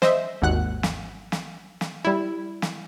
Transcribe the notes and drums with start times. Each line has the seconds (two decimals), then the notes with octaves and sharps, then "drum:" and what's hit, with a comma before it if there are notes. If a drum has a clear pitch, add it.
0.02 C5 D#5 E5, drum: snare
0.42 G#1 D#2 F#5 F#6
0.83 drum: snare
1.32 drum: snare
1.81 drum: snare
2.05 G3 E4
2.62 drum: snare